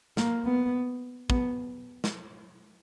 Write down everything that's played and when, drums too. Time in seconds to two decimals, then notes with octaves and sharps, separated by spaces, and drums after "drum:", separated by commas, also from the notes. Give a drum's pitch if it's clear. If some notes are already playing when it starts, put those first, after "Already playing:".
0.17 A#3, drum: snare
0.45 B3
1.30 B3, drum: kick
2.04 drum: snare